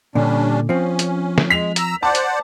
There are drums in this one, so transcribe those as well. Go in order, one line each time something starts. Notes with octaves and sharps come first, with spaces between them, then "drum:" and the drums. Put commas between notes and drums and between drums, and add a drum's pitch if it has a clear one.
A#2 D3 G3 C#4 D4
F3 C4 C#4
drum: hi-hat
drum: snare
G#3 B6 F7
A#5 E6, drum: hi-hat
C5 D5 F#5 A5 D6
drum: hi-hat